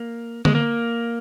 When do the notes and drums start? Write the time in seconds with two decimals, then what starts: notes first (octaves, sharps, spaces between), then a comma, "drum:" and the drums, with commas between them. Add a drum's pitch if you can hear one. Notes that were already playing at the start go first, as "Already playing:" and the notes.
Already playing: A#3
0.45 G#3, drum: tom D3
0.55 A#3